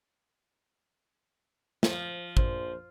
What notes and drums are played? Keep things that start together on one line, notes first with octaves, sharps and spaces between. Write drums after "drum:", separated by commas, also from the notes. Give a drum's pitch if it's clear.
F3, drum: snare
A#1 C5, drum: kick